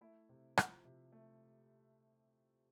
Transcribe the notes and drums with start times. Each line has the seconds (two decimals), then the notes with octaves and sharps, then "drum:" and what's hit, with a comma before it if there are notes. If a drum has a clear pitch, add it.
0.01 A3 E4
0.29 C3
0.57 F3, drum: rim click
0.85 C3
1.12 A3